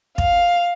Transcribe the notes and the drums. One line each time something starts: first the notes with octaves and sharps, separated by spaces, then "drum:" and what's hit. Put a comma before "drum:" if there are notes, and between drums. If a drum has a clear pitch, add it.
F5, drum: kick